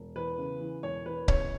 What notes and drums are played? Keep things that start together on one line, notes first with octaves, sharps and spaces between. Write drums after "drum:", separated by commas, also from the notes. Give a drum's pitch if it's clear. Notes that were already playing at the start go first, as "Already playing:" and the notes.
Already playing: E1
E2 B4
C#3
E3
E1 C#5
E2 B4
C#3 C#5, drum: kick C#1